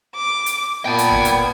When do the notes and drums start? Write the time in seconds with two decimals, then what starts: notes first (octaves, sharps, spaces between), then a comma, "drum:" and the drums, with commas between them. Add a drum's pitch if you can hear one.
0.15 D6
0.46 drum: hi-hat
0.85 A#2 B3 G5 A5 B5 G#6
0.98 drum: hi-hat
1.12 drum: kick
1.25 drum: hi-hat